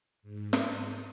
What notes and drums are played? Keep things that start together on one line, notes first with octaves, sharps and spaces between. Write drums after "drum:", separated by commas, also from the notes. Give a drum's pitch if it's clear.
G#2
drum: snare
D#6